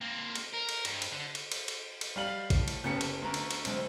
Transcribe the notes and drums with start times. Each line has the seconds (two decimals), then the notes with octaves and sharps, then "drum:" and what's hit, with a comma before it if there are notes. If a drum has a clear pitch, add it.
0.01 A#3 C4
0.35 drum: cymbal
0.54 A#4
0.69 drum: cymbal
0.85 G2, drum: cymbal
1.02 drum: cymbal
1.12 D3
1.35 drum: cymbal
1.52 drum: cymbal
1.68 drum: cymbal
2.01 drum: cymbal
2.16 G3 F5 F#7
2.50 A2, drum: kick, cymbal
2.68 drum: cymbal
2.84 F#1 B3 C#4 G4 A4 C#7
3.01 drum: cymbal
3.22 D2 A#5
3.34 drum: cymbal
3.51 drum: cymbal
3.65 D2 F#3 G#3 C4, drum: cymbal